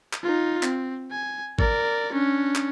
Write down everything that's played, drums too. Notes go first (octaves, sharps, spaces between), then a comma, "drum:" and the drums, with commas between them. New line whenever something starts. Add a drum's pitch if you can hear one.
drum: clap
D#4 F4
C4, drum: clap
G#5
A#4 D5, drum: kick
C#4 D4
drum: clap